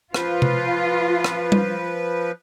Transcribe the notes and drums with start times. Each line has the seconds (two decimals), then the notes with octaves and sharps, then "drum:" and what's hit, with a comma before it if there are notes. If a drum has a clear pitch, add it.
0.14 F3 F4 B4, drum: rim click
0.42 drum: tom C3
1.24 drum: rim click
1.52 drum: tom G3